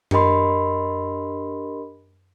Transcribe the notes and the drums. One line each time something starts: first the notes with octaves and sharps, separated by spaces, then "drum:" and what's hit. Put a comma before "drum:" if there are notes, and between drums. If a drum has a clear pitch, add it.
D4 G4 A#4 D#5 B5 C6, drum: tom F#2